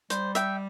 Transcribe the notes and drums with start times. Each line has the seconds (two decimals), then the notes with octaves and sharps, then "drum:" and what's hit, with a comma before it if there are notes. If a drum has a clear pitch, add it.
0.10 G3 C5, drum: hi-hat
0.35 E5 G5, drum: hi-hat